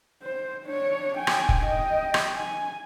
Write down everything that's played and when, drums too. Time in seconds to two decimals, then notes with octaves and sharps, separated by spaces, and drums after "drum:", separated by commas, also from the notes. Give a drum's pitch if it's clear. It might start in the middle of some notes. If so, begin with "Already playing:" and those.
0.23 C5
0.66 D4 C#5
1.18 G5 G#5
1.27 drum: rim click
1.49 drum: kick
1.64 D#5 G5
2.14 drum: rim click
2.36 G#5